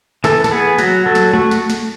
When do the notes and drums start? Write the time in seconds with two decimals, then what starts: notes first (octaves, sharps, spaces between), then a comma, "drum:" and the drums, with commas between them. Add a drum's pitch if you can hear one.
0.24 E3 A4, drum: snare
0.44 A4, drum: snare
0.52 B3 G#4
0.78 F#3 F#4, drum: snare
1.06 F#3 A4
1.15 drum: snare
1.33 A3 F#4
1.51 drum: snare
1.70 drum: snare